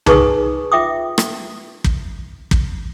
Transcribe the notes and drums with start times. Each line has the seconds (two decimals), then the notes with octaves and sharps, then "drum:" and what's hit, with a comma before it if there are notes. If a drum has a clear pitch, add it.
0.06 D#4 G#4 B4 G#5 C#6 D#6, drum: tom C2
0.72 F4 E5 G5 D6 D#6
1.18 drum: rim click
1.84 drum: kick
2.51 drum: kick